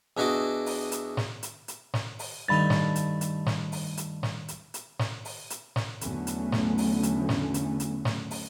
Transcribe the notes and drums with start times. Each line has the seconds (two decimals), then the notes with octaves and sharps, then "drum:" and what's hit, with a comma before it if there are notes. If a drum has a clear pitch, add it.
0.17 E2 D4 E4 F#4 D#5 D6
0.66 drum: open hi-hat
0.92 drum: hi-hat
1.17 drum: snare
1.43 drum: hi-hat
1.68 drum: hi-hat
1.94 drum: snare
2.19 drum: open hi-hat
2.49 G2 D#3 A3 D#4 B5 A6
2.70 drum: snare
2.96 drum: hi-hat
3.21 drum: hi-hat
3.46 drum: snare
3.72 drum: open hi-hat
3.97 drum: hi-hat
4.23 drum: snare
4.48 drum: hi-hat
4.74 drum: hi-hat
4.99 drum: snare
5.25 drum: open hi-hat
5.50 drum: hi-hat
5.76 drum: snare
6.01 E2 D3 F#3 A3 B3 C#4, drum: hi-hat
6.27 drum: hi-hat
6.52 drum: snare
6.78 drum: open hi-hat
7.03 drum: hi-hat
7.29 drum: snare
7.54 drum: hi-hat
7.80 drum: hi-hat
8.05 drum: snare
8.31 drum: open hi-hat